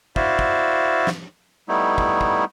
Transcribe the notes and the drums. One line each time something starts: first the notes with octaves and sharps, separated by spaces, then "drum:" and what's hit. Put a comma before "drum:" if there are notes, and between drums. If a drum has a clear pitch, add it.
E4 F#4 C5 D5 E5 F5, drum: kick
drum: kick
drum: snare
G3 A3 B3 D#4 E4
drum: kick
drum: kick